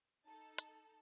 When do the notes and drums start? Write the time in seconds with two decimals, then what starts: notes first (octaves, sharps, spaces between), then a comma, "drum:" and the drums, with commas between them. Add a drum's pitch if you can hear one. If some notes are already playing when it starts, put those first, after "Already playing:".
0.24 D#4 A4 A5
0.58 drum: hi-hat